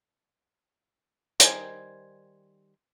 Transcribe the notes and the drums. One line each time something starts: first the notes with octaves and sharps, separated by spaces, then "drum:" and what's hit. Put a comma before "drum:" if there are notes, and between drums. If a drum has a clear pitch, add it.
D#3 G3 C5 G#5, drum: hi-hat